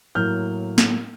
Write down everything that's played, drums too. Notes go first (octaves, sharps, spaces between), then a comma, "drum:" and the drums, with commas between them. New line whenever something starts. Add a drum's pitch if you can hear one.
A2 F#3 A#3 F6 G6
drum: snare